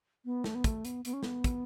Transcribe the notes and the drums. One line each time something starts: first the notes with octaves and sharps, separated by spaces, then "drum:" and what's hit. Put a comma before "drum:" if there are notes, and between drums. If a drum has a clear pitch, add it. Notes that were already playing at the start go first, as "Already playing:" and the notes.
B3
A3, drum: snare
B3
A3, drum: kick, hi-hat
B3, drum: hi-hat
B3, drum: hi-hat
C#4
B3, drum: snare
drum: kick, hi-hat